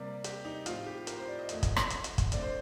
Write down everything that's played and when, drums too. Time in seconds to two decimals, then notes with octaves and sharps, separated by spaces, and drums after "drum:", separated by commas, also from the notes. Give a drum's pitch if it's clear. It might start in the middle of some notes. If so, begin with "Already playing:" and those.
Already playing: C3 G3 A#3 D5
0.24 G4, drum: hi-hat
0.45 D#4
0.66 A2 F3 C4 F4, drum: hi-hat
0.86 G4
1.07 A#4, drum: hi-hat
1.18 C5
1.28 D5
1.39 D#5
1.49 F2 D#3 A3, drum: hi-hat
1.63 drum: kick, hi-hat
1.76 drum: rim click
1.90 drum: hi-hat
2.04 drum: hi-hat
2.18 drum: kick, hi-hat
2.32 D3 A3 C4 D5, drum: hi-hat
2.42 C5